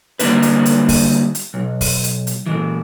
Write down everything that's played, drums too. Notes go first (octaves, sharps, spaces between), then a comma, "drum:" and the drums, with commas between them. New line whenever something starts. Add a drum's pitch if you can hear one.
D3 G3 A#3 D4 E4 B4, drum: hi-hat
drum: hi-hat
drum: hi-hat
drum: kick, open hi-hat
drum: hi-hat
B1
drum: kick, open hi-hat
drum: hi-hat
drum: hi-hat
A#2 E3